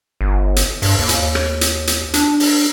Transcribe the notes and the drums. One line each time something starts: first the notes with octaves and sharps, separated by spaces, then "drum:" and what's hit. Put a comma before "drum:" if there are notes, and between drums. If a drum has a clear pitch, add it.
G1
drum: hi-hat
G2, drum: open hi-hat
D#2
drum: hi-hat
drum: rim click
drum: hi-hat
drum: hi-hat
D4, drum: hi-hat
drum: open hi-hat